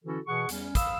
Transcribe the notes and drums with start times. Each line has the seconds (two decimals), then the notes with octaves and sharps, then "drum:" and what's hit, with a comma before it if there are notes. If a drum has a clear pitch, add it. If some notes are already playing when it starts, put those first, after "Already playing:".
0.04 D3 E3 C#4 E4 F#4 A4
0.25 B2 E3 G#4 F#5 C#6
0.49 E2 G3 C#4, drum: hi-hat
0.75 F5 B5 D#6 E6, drum: kick, hi-hat